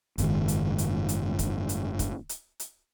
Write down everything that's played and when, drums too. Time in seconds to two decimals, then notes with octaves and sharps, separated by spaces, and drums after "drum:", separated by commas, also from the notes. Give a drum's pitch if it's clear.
0.18 F#1 G#2 B2 D#3, drum: hi-hat
0.48 drum: hi-hat
0.78 drum: hi-hat
1.09 drum: hi-hat
1.39 drum: kick, hi-hat
1.69 drum: hi-hat
1.99 drum: kick, hi-hat
2.29 drum: hi-hat
2.60 drum: hi-hat